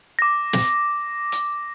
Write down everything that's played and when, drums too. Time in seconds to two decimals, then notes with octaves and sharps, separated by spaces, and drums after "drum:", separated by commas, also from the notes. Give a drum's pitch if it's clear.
0.19 D6 A#6
0.53 drum: snare
1.32 drum: hi-hat